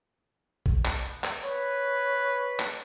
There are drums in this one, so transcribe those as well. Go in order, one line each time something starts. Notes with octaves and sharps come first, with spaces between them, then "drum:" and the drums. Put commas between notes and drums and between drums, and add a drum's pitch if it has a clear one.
drum: kick A#1
drum: clap
drum: clap
B4 C#5
drum: clap